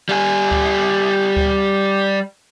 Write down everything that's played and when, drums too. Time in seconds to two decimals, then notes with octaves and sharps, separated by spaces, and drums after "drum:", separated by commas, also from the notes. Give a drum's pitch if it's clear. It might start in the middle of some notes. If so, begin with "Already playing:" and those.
0.09 G3 G#5
0.51 drum: kick C#2
1.37 drum: kick C#2